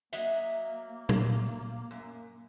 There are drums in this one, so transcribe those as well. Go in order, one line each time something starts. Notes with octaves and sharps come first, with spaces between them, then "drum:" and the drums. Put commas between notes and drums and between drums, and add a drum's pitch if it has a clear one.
F#3 A#3 D#5 E5, drum: hi-hat
drum: tom A#2
F#2